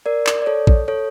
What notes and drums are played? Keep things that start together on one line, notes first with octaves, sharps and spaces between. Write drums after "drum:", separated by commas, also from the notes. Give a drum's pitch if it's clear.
A#4 D5
drum: clap
D5
A4 C#5
drum: kick
A4 C#5